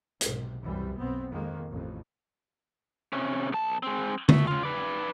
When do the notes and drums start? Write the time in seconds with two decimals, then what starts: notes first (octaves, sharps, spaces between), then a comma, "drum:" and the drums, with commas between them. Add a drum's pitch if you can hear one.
0.21 B1 G#2 C3, drum: hi-hat
0.63 C2 F#2 E3 G3
0.98 B1 B3 C4
1.30 F2 D#3 G#3 A#3
1.69 A1 F2
3.13 C3 C#4
3.52 B1 A5
3.83 G#3 C4
4.29 F#4 E5, drum: tom D3
4.47 C#3 F4
4.63 B4 D5